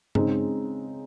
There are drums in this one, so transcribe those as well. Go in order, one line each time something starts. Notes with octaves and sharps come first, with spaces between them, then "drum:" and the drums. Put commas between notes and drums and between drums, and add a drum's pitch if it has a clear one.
C#3 G#3 C4 D#4 G#4, drum: tom G2